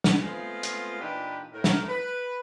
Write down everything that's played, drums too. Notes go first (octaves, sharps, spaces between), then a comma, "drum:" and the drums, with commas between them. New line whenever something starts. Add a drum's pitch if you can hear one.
drum: snare
G#3 A3 B3 C4 F4
drum: hi-hat
A#2 E3 D4 D#4 G4 B4
A2 A#4
drum: snare
B4